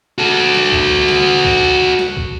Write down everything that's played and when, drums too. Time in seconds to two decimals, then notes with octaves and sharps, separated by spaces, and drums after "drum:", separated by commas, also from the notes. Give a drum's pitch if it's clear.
0.18 F#4 A4
0.55 drum: snare
0.73 drum: kick
1.09 drum: snare
1.45 drum: kick
1.99 drum: snare
2.17 drum: kick